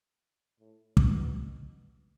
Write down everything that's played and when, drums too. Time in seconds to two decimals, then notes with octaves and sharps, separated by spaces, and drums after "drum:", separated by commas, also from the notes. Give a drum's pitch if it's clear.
0.60 A2
0.97 B2, drum: kick